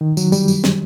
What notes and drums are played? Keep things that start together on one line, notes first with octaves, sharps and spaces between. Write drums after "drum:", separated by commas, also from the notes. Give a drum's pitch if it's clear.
D#3
F#3, drum: tambourine
G3, drum: tambourine
drum: tambourine
drum: snare